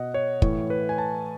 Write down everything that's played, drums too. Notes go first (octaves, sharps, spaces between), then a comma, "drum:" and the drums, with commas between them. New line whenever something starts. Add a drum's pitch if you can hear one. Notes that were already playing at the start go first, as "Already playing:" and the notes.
Already playing: B2 D#5 F#5
C#5
A2 E3 C#5, drum: kick
B4
G#5
A5